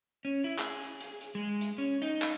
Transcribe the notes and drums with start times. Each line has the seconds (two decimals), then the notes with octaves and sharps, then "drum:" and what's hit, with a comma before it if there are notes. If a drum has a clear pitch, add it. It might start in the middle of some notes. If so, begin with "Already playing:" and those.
0.25 C#4
0.44 E4
0.59 G#4, drum: clap
0.80 drum: hi-hat
1.01 drum: hi-hat
1.21 drum: hi-hat
1.35 G#3
1.61 drum: hi-hat
1.78 C#4
2.02 D#4, drum: hi-hat
2.22 drum: clap